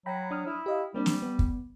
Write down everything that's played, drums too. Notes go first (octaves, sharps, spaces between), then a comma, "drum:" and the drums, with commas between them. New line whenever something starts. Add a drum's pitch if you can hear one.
F#3 G5 A#5 B5
D4 D#6 F6
E4
G4 D#5 F5
G3 A#3 C4 D4
drum: snare
B3
drum: kick